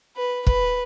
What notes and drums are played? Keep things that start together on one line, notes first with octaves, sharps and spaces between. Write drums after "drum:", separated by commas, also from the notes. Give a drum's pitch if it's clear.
B4
B4, drum: kick